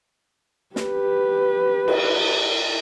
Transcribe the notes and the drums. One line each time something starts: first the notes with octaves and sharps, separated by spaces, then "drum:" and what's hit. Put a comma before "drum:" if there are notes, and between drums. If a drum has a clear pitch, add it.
G4 B4, drum: snare
drum: cymbal